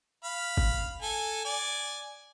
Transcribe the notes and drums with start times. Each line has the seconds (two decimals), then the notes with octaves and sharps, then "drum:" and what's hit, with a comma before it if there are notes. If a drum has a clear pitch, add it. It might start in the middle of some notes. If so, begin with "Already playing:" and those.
0.24 F5 B5
0.57 drum: kick G1
1.02 A4 G#5
1.45 D5 G#5